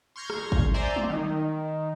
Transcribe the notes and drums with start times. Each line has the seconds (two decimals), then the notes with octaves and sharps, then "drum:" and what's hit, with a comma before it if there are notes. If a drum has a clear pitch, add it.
0.16 C6 C#6 F6 G6 G#6 A#6
0.30 drum: rim click
0.52 drum: kick G#1
0.74 C5 D5 E5 G#5 A#5 C6
0.96 drum: tom
1.10 D#3